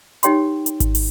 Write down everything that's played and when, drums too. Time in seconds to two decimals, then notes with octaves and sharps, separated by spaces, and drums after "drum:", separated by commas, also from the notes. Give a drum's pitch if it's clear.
0.23 D#4 G4 C#5 G5 C6, drum: hi-hat
0.66 drum: hi-hat
0.80 drum: kick G#1, hi-hat
0.95 drum: open hi-hat